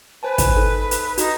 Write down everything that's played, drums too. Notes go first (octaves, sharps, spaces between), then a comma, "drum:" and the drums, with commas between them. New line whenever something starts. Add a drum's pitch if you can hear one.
B4 C5 G#5 A5
drum: kick, hi-hat
D#4 A4
drum: hi-hat
D#4 F#4 A#5, drum: hi-hat